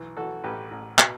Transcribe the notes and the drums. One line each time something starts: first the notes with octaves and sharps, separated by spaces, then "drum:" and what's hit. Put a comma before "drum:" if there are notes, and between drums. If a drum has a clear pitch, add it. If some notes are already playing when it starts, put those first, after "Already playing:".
Already playing: B1 E3
E3 F#4 A4
A1 G4 B4
A1
B2, drum: clap